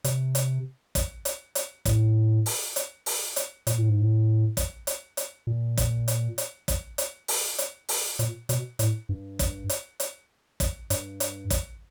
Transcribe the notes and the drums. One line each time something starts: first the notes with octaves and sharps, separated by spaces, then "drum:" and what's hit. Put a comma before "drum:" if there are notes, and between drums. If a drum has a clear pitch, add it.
C3, drum: hi-hat
drum: hi-hat
drum: kick, hi-hat
drum: hi-hat
drum: hi-hat
A2, drum: kick, hi-hat
drum: open hi-hat
drum: hi-hat
drum: open hi-hat
drum: hi-hat
A#2, drum: hi-hat
A2
G#2
A2
drum: kick, hi-hat
drum: hi-hat
drum: hi-hat
A#2
drum: kick, hi-hat
drum: hi-hat
drum: hi-hat
drum: kick, hi-hat
drum: hi-hat
drum: open hi-hat
drum: hi-hat
drum: open hi-hat
A#2, drum: hi-hat
B2, drum: hi-hat
A2, drum: hi-hat
G2
drum: kick, hi-hat
drum: hi-hat
drum: hi-hat
drum: kick, hi-hat
G2, drum: hi-hat
drum: hi-hat
drum: kick, hi-hat